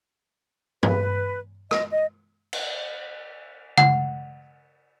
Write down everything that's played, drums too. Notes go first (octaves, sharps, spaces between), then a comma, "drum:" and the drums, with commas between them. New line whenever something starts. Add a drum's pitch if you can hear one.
B4, drum: tom G2
D#5, drum: rim click
D#5
drum: cymbal
F#5, drum: tom C#3